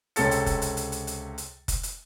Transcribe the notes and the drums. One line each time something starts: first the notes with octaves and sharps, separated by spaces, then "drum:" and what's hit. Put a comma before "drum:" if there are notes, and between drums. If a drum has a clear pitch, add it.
C#2 C3 C#4 A4 A6 C#7, drum: hi-hat
drum: hi-hat
drum: kick F1, hi-hat
drum: hi-hat
drum: hi-hat
drum: hi-hat
drum: hi-hat
drum: hi-hat
drum: kick F1, hi-hat
drum: hi-hat